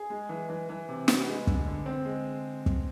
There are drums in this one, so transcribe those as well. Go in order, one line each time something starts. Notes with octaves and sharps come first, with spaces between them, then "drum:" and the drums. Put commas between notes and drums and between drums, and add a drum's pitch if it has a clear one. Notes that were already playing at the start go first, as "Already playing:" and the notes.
Already playing: G#4
G#3
E3
E3
E3
C3
B3, drum: snare
G#3
D3, drum: kick
D3
C4
G#3
drum: kick